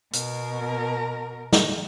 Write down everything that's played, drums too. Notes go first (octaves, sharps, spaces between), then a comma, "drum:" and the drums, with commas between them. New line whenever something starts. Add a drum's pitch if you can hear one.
B2 A#4, drum: hi-hat
drum: snare